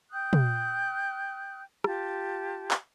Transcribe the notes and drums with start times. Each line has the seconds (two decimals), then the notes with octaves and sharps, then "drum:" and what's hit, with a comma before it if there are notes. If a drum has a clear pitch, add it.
0.11 G5 D#6 F#6 G6
0.33 drum: tom
1.84 F4 G4 A5, drum: rim click
2.71 drum: clap